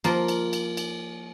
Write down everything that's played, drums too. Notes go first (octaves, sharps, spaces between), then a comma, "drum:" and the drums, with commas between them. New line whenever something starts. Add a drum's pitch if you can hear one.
F3 A#3 F4, drum: cymbal
drum: cymbal
drum: cymbal
drum: cymbal